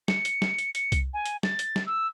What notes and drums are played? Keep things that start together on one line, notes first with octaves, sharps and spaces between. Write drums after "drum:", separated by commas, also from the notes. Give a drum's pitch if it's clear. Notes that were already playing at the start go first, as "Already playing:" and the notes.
C#7, drum: snare
drum: hi-hat
drum: snare
drum: hi-hat
C#7, drum: hi-hat
drum: kick C2, hi-hat
G#5
drum: hi-hat
A6, drum: snare
drum: hi-hat
drum: snare
E6